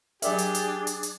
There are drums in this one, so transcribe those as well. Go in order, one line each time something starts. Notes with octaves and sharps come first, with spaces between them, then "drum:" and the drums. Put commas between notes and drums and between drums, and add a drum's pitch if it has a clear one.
F#3 D4 G4 G#4 A#4 D5 E5 G#6, drum: hi-hat
drum: hi-hat
drum: hi-hat
drum: hi-hat
drum: hi-hat